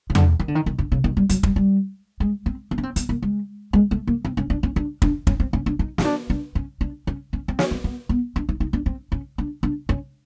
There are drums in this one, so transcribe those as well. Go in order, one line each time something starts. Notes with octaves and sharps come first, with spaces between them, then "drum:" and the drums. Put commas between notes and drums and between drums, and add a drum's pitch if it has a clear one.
C#3
D3, drum: tom E2
D#3
D3
D#3
D#3
D3
C#3
D#3
G3
F#3, drum: hi-hat
G3, drum: kick
G3
G#3
C4
C4
C#4
C4
B3, drum: hi-hat
A#3
G#3
G#3
A3
A#3
C4
C#4
D4
C#4
D4
D4, drum: kick
C#4, drum: kick
C4
C#4
D4
D#4
C#4, drum: snare
D4
D4
C#4
D4
C#4
C#4
C4
C#4, drum: snare
C4
B3
B3
D4
D#4
D#4
D4
C4
C#4
D4
D4
C#4